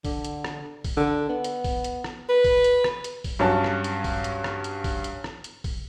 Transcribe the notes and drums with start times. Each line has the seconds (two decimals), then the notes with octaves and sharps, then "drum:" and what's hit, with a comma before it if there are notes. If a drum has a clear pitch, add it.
0.04 D3, drum: kick A#1, open hi-hat
0.24 drum: hi-hat
0.44 drum: rim click
0.84 drum: kick A#1, open hi-hat
0.97 D3
1.29 B3
1.44 drum: hi-hat
1.64 drum: kick A#1, open hi-hat
1.84 drum: hi-hat
2.04 drum: rim click
2.29 B4
2.44 drum: kick A#1, open hi-hat
2.64 drum: hi-hat
2.84 drum: rim click
3.04 drum: hi-hat
3.24 drum: kick A#1, open hi-hat
3.39 G2 F#3 C#4 A5
3.64 drum: rim click
3.84 drum: hi-hat
4.04 drum: kick A#1, open hi-hat
4.24 drum: hi-hat
4.44 drum: rim click
4.64 drum: hi-hat
4.84 drum: kick A#1, open hi-hat
5.04 drum: hi-hat
5.24 drum: rim click
5.44 drum: hi-hat
5.64 drum: kick A#1, open hi-hat